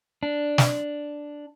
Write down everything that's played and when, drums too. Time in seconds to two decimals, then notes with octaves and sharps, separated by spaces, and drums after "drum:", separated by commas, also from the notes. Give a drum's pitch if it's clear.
0.23 D4
0.58 drum: snare